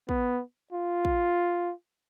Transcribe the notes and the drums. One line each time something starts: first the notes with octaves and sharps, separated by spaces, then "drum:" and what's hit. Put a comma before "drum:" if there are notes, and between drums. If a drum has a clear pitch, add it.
B3, drum: kick
F4
drum: kick